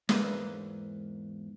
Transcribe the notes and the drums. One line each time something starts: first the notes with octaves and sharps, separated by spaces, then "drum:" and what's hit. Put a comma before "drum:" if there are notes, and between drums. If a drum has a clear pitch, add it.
E2 G#2 A#3 A#4 B4 E5, drum: snare